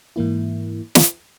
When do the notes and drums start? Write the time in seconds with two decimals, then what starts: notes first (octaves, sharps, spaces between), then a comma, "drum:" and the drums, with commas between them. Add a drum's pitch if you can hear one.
0.16 G#2 E3 A#3 E4
0.95 drum: snare